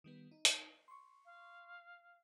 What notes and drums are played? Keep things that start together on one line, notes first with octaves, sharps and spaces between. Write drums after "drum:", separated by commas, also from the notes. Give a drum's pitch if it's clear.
D#3 G3 B3
D#4
drum: hi-hat
C6 C#6
F5